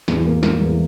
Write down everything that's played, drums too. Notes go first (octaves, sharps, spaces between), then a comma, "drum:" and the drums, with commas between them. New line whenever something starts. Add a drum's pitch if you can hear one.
E2, drum: snare
A#3
A#3, drum: snare
E2